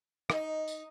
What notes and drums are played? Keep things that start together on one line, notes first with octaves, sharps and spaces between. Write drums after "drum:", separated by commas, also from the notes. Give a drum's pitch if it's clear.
D#4, drum: rim click
drum: tambourine